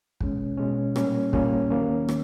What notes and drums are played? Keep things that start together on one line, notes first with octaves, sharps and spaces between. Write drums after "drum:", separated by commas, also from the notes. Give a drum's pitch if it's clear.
B2 G#3 C#4, drum: kick
B2 G#3 C#4
A#2 G3 A#3 C#4, drum: rim click
A#2 G3 A#3 C#4, drum: kick
D#2 D#3 F#3 A#3 C#4
D#3, drum: rim click